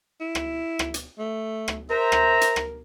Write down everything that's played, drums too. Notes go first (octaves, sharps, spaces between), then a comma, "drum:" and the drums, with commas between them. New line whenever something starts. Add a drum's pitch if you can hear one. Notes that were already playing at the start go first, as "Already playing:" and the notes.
E4
drum: rim click
drum: rim click
drum: hi-hat
A3
drum: rim click
A#4 C5 E5 A#5
drum: rim click
drum: hi-hat
drum: rim click